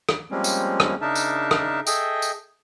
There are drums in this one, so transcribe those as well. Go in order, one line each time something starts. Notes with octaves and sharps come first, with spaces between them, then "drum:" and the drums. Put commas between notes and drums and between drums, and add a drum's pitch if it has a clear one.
drum: rim click
F3 G3 G#3 A#3 C4 C#4
drum: tambourine
drum: rim click
C#3 D4 D#4 A#4 E5 A5
drum: tambourine
drum: rim click
G#4 A4 D#5 E5 G5, drum: tambourine
drum: tambourine